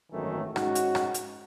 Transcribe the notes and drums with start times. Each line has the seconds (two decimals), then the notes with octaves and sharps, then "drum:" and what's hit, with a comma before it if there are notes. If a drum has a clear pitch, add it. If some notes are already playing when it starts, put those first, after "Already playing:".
0.13 G#1 F#2 A2 D#3 E3 A3
0.56 G#2 C#4 D#4 F#4, drum: rim click
0.75 drum: hi-hat
0.95 drum: rim click
1.14 drum: hi-hat